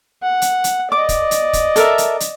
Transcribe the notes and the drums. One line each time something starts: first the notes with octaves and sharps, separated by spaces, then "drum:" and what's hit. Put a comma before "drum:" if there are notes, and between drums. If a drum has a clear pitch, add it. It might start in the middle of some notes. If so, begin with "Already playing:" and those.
F#5
drum: hi-hat
drum: hi-hat
D5 D#5 D6
drum: kick, hi-hat
drum: hi-hat
drum: kick, hi-hat
A4 A#4 E5, drum: hi-hat
drum: hi-hat
drum: hi-hat